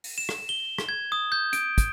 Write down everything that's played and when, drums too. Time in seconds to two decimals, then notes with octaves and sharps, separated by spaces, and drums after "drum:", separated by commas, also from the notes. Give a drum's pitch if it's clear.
0.04 drum: open hi-hat
0.18 E7
0.29 drum: rim click
0.49 G7
0.78 drum: rim click
0.89 G#6
1.12 D#6
1.32 G6
1.53 D7, drum: hi-hat
1.78 drum: kick, hi-hat